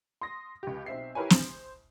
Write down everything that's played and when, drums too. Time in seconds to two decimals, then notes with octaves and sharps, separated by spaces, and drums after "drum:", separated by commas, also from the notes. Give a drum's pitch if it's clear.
0.21 C6 D#6 A#6
0.63 C#2 G4
0.86 B1 C4 E5 C7
1.15 E4 G4 A#4 B4 C#5 G#5
1.30 C5, drum: snare